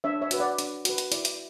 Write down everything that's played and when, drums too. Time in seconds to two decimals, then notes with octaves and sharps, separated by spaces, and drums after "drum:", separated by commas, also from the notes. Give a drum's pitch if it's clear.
0.04 D4 C#5 E5
0.22 C#5 E5
0.31 F#4 B4, drum: hi-hat
0.39 D5 F#5
0.58 D4, drum: hi-hat
0.85 F#4 B4, drum: hi-hat
0.98 drum: hi-hat
1.12 E4 D5, drum: hi-hat
1.25 drum: hi-hat